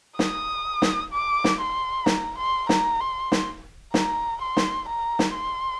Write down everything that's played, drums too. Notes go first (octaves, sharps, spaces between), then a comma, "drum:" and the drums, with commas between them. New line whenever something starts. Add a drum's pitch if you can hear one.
D#6, drum: snare
drum: snare
D6
drum: snare
C6
A#5, drum: snare
C6
A#5, drum: snare
C6
drum: snare
A#5, drum: snare
C6
drum: snare
A#5
drum: snare
C6